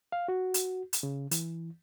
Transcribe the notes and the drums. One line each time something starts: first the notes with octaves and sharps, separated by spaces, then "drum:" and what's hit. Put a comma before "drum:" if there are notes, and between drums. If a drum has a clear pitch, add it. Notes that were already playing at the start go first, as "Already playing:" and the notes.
F5
F#4
drum: hi-hat
drum: hi-hat
C#3
E3, drum: hi-hat